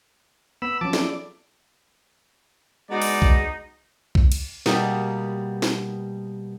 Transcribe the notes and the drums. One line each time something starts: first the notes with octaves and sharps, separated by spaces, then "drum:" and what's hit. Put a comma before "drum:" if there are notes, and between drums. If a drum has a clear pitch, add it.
B3 B5 E6
F3 F#3 C#4 A5 D6
E4 G#4 A4 D5, drum: snare
G#3 B3 D4 D#4 F#4 D5
drum: open hi-hat
drum: kick B1
drum: kick B1
drum: cymbal
B2 G3 A#3 B3, drum: snare
drum: snare